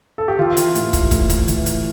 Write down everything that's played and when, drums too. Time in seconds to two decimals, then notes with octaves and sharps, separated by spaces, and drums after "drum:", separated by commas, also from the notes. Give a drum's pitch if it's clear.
0.18 A4
0.28 G4
0.39 E3 F4
0.57 drum: hi-hat
0.75 A2, drum: hi-hat
0.93 drum: kick, hi-hat
1.11 A2, drum: kick, hi-hat
1.30 drum: kick, hi-hat
1.48 E3, drum: hi-hat
1.66 drum: hi-hat